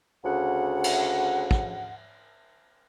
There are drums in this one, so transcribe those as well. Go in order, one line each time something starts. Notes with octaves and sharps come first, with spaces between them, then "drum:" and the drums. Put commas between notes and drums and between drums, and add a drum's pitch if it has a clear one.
D2 C#3 F#5
drum: cymbal
drum: kick